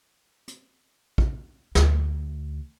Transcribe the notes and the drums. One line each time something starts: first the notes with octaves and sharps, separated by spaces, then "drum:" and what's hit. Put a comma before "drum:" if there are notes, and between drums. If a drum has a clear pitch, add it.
drum: hi-hat
drum: kick A#1
D2, drum: snare